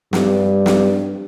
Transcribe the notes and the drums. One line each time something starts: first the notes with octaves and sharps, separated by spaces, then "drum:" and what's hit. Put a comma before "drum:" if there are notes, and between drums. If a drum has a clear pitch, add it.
G2, drum: snare
drum: snare